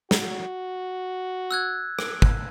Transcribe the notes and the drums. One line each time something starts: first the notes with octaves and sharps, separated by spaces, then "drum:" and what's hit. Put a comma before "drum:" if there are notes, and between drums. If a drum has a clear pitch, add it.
F#4, drum: snare
E6 F#6 G#6
drum: rim click
drum: kick